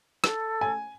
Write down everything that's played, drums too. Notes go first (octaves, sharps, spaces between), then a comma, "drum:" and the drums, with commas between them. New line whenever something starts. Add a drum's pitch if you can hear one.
A4, drum: rim click
G#5